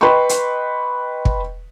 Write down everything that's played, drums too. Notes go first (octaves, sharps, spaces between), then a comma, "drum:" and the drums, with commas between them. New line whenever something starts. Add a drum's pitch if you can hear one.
B4 D#5 G5 C6 C#6
drum: hi-hat
drum: kick